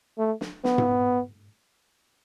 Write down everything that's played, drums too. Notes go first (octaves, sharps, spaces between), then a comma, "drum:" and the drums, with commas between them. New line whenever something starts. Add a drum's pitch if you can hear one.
A3
drum: snare
B3, drum: snare
drum: tom G#2